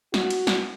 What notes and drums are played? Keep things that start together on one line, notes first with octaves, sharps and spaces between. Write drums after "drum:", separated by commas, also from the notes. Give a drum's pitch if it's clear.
F#4, drum: snare
drum: cymbal
drum: snare